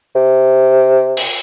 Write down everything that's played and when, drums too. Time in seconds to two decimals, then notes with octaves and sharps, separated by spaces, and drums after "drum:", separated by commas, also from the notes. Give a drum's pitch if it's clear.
0.15 C3
1.17 drum: open hi-hat